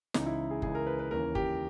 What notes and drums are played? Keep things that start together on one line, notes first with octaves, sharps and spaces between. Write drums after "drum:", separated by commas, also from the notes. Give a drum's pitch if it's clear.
C#2 C#3 E3 D#4, drum: snare
E4
G#4
C#2 C#3 E3 G#4, drum: kick F#1
A#4
B4
B4
D#2 C#3 E3 A#4
G4, drum: kick F#1